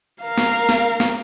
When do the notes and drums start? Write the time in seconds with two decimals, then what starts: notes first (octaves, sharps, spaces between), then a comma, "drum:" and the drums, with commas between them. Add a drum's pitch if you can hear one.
0.22 A#4 F5
0.38 drum: snare
0.69 drum: snare
1.00 drum: snare